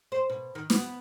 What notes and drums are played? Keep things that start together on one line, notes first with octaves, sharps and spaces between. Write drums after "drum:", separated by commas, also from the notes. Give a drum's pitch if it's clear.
C5
B2
D#3
B3, drum: snare